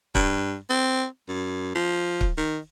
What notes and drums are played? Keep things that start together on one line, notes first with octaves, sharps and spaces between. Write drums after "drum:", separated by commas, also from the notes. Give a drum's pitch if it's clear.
G2, drum: kick
C4
F#2
F3
drum: kick
D#3